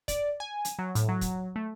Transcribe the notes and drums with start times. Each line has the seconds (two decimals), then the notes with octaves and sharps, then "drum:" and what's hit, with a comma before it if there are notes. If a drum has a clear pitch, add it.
0.08 D5, drum: kick, hi-hat
0.40 G#5
0.65 drum: hi-hat
0.79 F#3
0.95 A2, drum: hi-hat
1.09 F#3
1.21 drum: kick, hi-hat
1.56 A3